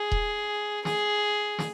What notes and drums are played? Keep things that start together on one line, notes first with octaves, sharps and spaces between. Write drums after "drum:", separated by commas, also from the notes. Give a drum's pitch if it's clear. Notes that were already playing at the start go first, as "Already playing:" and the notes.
Already playing: G#4
drum: kick D#1
G#4, drum: snare
drum: snare